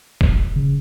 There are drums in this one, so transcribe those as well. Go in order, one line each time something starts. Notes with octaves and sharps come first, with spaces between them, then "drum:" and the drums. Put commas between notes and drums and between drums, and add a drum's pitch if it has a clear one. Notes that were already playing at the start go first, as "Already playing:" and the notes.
F1, drum: kick
C#3